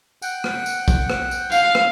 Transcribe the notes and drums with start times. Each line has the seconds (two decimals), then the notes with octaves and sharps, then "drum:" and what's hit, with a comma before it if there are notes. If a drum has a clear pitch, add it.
0.22 F#5 G5, drum: tambourine
0.44 drum: rim click
0.66 drum: tambourine
0.88 drum: kick, tambourine
1.10 drum: rim click
1.31 drum: tambourine
1.52 F5, drum: tambourine
1.75 drum: rim click